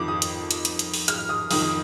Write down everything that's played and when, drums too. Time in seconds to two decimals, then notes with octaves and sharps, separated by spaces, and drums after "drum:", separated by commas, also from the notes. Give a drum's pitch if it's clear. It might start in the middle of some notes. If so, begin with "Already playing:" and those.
Already playing: F2 D#3 D6
0.08 D#6
0.22 drum: hi-hat
0.51 drum: hi-hat
0.65 drum: hi-hat
0.79 drum: hi-hat
0.94 drum: open hi-hat
1.08 F6, drum: hi-hat
1.29 D#6
1.51 F2 D#3 D#6, drum: open hi-hat
1.62 D#6